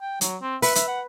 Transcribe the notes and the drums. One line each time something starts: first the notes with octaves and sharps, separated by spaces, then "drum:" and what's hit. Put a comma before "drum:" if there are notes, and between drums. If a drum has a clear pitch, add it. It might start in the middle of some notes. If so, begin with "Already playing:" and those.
G5
F#3, drum: hi-hat
C4
B4 E5, drum: open hi-hat
E5, drum: hi-hat
F#5